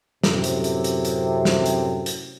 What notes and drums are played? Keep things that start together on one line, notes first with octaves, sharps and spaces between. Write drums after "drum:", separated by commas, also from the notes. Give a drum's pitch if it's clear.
F#2 A2 C3, drum: snare
drum: hi-hat
drum: hi-hat
drum: hi-hat
drum: hi-hat
drum: snare
drum: hi-hat
drum: hi-hat